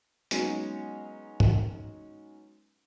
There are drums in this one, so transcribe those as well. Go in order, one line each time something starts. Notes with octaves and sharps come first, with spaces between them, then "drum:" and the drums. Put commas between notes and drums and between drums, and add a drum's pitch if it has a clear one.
F#3 G#3 B3 C#4 D#4, drum: hi-hat
drum: tom G#2